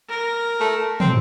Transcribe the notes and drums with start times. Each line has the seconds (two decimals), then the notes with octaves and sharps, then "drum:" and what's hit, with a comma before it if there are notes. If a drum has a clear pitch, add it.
0.09 A#4
0.60 A3
1.00 C4, drum: tom